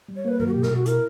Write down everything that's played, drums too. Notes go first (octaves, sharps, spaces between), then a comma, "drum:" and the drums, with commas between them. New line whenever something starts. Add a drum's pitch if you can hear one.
G3
C#5
A#3 B4
F#3 A#4, drum: tom G2
F#4
B2 G4
A#4, drum: snare
B2 F#4
E4 A#4, drum: hi-hat